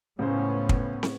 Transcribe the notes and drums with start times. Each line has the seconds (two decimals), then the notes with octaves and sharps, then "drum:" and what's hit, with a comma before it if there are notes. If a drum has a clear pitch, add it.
0.19 C#2 A2 C#3 B3 C#4 C5
0.69 drum: kick
1.03 drum: snare